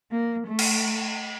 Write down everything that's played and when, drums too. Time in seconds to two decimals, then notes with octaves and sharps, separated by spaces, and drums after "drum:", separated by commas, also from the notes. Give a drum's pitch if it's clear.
0.12 A#3
0.47 A3
0.59 drum: cymbal